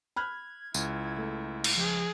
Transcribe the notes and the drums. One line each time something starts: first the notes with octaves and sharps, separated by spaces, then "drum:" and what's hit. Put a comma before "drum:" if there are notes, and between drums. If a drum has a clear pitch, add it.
B5 F6 F#6 G#6
C#2 E4, drum: tambourine
A3
drum: cymbal
F3 G#4